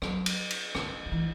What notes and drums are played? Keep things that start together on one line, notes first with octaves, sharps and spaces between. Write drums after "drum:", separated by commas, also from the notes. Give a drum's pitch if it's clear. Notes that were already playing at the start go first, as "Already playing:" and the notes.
F#3, drum: rim click
drum: cymbal
drum: cymbal
D3, drum: rim click
F#3
E3